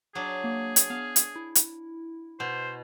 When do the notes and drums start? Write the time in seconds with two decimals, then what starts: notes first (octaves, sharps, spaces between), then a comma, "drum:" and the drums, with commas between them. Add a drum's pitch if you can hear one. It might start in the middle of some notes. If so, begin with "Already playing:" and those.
0.15 F#3 D4 G#4
0.44 A#3
0.76 drum: hi-hat
0.90 B3 F5
1.16 drum: hi-hat
1.36 E4
1.55 drum: hi-hat
2.40 B2 C5